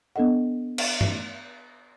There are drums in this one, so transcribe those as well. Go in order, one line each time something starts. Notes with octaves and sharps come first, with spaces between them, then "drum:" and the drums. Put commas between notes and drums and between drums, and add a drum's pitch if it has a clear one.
B3 D4 A4 D#5 F#5
drum: cymbal
drum: tom